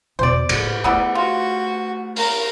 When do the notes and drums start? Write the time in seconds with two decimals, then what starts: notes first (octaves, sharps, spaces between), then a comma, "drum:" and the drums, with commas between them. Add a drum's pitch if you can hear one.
0.19 E2 B2 C5 D5
0.49 A2 A#3, drum: cymbal
0.84 A3 B3 E4 D5
1.15 F4 F#4
2.16 A#4 A#5, drum: open hi-hat